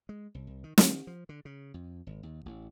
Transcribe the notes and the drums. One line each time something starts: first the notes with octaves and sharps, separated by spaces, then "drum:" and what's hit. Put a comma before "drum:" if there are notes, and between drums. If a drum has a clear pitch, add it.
G#3
C2
C2
D#3
D#3, drum: snare
F3
D3
C#3
F2
G#1
D#2
A1